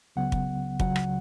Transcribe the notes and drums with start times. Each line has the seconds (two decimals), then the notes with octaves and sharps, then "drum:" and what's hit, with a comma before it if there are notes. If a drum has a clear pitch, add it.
0.16 C#2 C#3 F#3 B3 F#5
0.32 drum: kick
0.80 C#2 C#3 F#3 F#5, drum: kick
0.96 drum: rim click